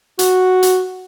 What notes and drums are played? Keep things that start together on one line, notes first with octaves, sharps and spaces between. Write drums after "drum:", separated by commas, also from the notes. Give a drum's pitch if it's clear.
F#4, drum: hi-hat
drum: hi-hat